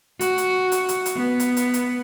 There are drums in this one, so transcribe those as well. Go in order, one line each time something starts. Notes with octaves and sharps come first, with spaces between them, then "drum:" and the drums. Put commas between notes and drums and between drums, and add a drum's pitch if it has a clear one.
F#4, drum: hi-hat
drum: hi-hat
drum: hi-hat
drum: hi-hat
drum: hi-hat
B3
drum: hi-hat
drum: hi-hat
drum: hi-hat